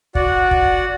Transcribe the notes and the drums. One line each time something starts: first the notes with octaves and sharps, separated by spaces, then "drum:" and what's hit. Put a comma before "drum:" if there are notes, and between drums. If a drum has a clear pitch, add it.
F#4 D5 F#5, drum: kick
drum: kick